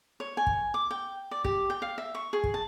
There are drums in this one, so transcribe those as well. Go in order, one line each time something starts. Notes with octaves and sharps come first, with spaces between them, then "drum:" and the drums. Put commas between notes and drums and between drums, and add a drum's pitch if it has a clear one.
C#5
G#5
drum: kick
D6
G5
D5
G4, drum: kick
G5
F5
E5
C#6
G#4
drum: kick
A5